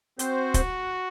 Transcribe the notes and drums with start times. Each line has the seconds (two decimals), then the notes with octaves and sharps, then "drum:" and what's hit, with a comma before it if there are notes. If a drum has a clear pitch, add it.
0.19 C4 F#4 C5, drum: hi-hat
0.54 drum: kick, hi-hat